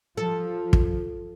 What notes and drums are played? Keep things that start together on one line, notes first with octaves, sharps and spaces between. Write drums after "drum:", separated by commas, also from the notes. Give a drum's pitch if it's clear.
F3 A4
drum: kick